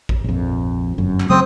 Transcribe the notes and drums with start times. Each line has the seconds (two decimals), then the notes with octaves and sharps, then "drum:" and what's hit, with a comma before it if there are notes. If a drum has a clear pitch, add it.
0.09 drum: kick A1
0.24 A#1 F2
0.98 G1 F#2
1.20 drum: clap
1.30 C#3 F#3 A3 C4 D#6